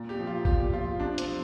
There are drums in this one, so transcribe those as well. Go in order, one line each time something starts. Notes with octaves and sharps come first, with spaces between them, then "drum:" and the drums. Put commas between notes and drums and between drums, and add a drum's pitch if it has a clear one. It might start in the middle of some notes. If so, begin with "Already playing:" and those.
Already playing: A#2
G4
F3
F4
A#2 G4, drum: kick G#1
F3 F4
C3 D4
C4, drum: hi-hat
F3